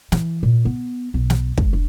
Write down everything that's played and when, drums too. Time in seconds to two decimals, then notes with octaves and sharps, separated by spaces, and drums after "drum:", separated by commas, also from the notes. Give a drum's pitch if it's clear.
0.12 E3, drum: snare
0.43 A#2
0.65 B3
1.14 B1
1.30 drum: snare
1.58 C#2, drum: kick
1.73 D4